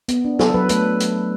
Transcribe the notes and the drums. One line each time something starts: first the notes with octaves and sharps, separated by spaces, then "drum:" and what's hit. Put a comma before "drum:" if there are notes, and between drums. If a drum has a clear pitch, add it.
B3, drum: hi-hat
D4
F#3 A4, drum: snare
F#3 B4
A3 B4, drum: hi-hat
drum: hi-hat